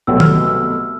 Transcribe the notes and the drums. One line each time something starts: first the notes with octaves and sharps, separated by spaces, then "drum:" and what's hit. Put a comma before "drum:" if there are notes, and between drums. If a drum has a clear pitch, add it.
C2 B2 F#3 A3 E6
F6, drum: tom D#3
E6
E6